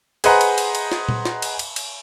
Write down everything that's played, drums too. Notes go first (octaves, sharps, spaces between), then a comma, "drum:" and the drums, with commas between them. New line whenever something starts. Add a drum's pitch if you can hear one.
G#4 B4 C5 D#5 F#5 A#5, drum: cymbal
drum: cymbal
drum: cymbal
drum: cymbal
drum: snare
drum: tom A#2
drum: snare
drum: cymbal
drum: cymbal
drum: cymbal